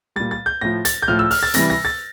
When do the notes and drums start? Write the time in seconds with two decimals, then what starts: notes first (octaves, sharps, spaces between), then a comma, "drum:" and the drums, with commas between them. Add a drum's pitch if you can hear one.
0.16 A#2 G3 A6
0.31 A6
0.46 G6
0.61 A2 F3 A#6
0.85 A6, drum: hi-hat
1.02 G6
1.08 A2 F3 F6
1.19 E6
1.31 F6, drum: open hi-hat
1.43 A6
1.54 C3 E3 G3 A#6, drum: hi-hat
1.70 A#6
1.85 A6